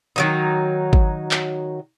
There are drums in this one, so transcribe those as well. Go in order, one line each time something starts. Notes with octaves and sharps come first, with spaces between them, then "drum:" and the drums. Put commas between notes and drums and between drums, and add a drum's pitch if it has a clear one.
D#3 F#3 D#4
drum: kick
drum: clap